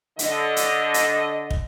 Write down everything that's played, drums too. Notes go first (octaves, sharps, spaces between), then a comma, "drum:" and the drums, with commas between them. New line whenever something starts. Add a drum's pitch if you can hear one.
D3 D#5, drum: hi-hat
drum: hi-hat
drum: hi-hat
drum: kick